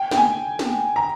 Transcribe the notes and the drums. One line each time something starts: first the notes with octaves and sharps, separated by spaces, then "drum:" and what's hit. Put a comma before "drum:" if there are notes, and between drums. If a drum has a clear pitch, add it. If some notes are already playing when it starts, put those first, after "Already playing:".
Already playing: G5
G5, drum: snare
G#5
drum: snare
A#5